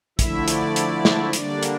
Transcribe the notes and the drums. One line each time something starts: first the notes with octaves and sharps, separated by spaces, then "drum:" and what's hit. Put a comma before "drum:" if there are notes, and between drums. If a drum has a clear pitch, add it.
D3 F3 A3 E4 E5, drum: kick, hi-hat
D5, drum: hi-hat
drum: hi-hat
drum: snare
D3 G3 A#3 D4 D5, drum: hi-hat
drum: hi-hat